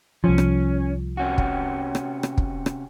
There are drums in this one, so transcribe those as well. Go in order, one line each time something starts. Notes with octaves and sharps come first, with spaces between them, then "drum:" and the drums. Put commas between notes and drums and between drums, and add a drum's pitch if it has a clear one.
C2 F3 C#4
drum: rim click
C3 C#4 F#4
drum: kick
drum: rim click
drum: rim click
drum: kick
drum: rim click